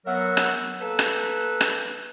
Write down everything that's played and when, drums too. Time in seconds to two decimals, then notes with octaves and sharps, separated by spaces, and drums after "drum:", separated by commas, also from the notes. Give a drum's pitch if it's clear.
0.06 F#3 B3 A#4 E5 F#5
0.37 drum: rim click
0.81 A#3 A4 B4
0.99 drum: rim click
1.61 drum: rim click